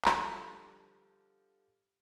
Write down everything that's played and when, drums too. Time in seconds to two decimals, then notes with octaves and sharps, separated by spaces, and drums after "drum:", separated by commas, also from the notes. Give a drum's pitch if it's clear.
0.05 D3 F3 G3 D4, drum: clap